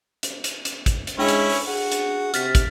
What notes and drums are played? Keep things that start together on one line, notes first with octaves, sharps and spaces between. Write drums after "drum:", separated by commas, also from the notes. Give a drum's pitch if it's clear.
drum: hi-hat
drum: hi-hat
drum: hi-hat
drum: kick, hi-hat
drum: hi-hat
G#3 C#4 D4 E4 C#5
drum: hi-hat
drum: open hi-hat
F#4 G#4
drum: hi-hat
C3 F6 A6 B6, drum: hi-hat
drum: kick, hi-hat